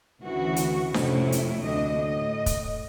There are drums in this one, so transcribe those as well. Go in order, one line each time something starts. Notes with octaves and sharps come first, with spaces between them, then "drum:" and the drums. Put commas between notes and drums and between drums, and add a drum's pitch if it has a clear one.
D2 C#3 E3 F#4
drum: hi-hat
F2 A2 C3 A3 C#4 E4, drum: snare D4
drum: hi-hat
D2 A3 D4 D#5
A2 D#5
drum: kick, hi-hat